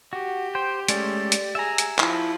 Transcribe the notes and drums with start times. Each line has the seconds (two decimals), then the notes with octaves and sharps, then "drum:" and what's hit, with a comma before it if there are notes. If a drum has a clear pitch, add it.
0.13 F#4 G4
0.55 C5 G5
0.88 G#3 A3 C#4 D5, drum: hi-hat
1.32 drum: hi-hat
1.55 G#4 E5 A#5
1.78 drum: hi-hat
1.99 F3 E4, drum: clap